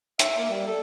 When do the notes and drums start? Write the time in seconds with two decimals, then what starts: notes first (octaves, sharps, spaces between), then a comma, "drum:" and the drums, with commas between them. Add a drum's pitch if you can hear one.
0.19 E5, drum: hi-hat
0.38 A#3
0.50 G3
0.67 A4